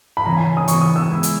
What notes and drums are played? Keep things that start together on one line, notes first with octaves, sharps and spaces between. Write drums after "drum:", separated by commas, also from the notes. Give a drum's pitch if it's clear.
B5
C#3 E3 B3 A#5
G#5
D#6
E3 B3 F#4 C#6, drum: hi-hat
D#6
E6
G#3 B3 E4 B4 E5
drum: hi-hat